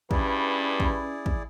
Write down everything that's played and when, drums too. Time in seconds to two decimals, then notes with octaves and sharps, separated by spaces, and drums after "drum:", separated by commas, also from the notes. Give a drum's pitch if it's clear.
0.11 G2 C#4 E4 G#4 B4 D5, drum: kick
0.80 drum: kick
1.26 drum: kick